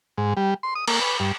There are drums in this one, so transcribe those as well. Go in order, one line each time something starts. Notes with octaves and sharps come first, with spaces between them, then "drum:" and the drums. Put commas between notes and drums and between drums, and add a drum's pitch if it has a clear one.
G#2
G3
C6
D#6
A#3, drum: cymbal
B4
G2